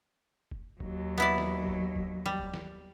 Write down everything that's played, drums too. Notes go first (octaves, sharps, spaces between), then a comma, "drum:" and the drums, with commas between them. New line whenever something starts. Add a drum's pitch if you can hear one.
drum: kick
D#2 F#3, drum: kick
B3 E4 D5
drum: snare
drum: kick
drum: kick
G3
drum: kick
drum: snare